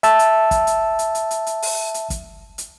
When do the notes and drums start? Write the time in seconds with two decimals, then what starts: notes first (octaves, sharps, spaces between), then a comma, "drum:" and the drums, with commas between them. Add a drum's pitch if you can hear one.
0.03 E5 A5 E6, drum: hi-hat
0.19 drum: hi-hat
0.51 drum: kick, hi-hat
0.67 drum: hi-hat
0.99 drum: hi-hat
1.15 drum: hi-hat
1.31 drum: hi-hat
1.47 drum: hi-hat
1.62 drum: open hi-hat
1.94 drum: hi-hat
2.10 drum: kick, hi-hat
2.58 drum: hi-hat